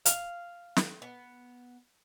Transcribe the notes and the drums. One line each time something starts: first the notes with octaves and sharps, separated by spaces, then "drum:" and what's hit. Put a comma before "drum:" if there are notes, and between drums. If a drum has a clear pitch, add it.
F5, drum: hi-hat
drum: snare
B3